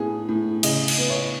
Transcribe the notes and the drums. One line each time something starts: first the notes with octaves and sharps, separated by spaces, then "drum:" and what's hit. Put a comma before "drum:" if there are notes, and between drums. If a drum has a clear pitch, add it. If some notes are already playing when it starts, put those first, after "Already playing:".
Already playing: A2 B3 G#4
A2
C#3 D#5, drum: cymbal
drum: cymbal
B3
C#5